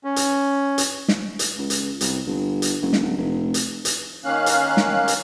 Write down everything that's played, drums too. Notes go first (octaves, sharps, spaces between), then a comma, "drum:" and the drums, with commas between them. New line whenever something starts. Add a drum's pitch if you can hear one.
C#4
drum: hi-hat
drum: hi-hat
drum: snare
drum: hi-hat
C#2
drum: hi-hat
C2, drum: hi-hat
G1
drum: hi-hat
F#1
drum: snare
D1
F1
drum: hi-hat
drum: hi-hat
D#3 A#3 C#4 F5 F#6
drum: hi-hat
drum: snare
drum: hi-hat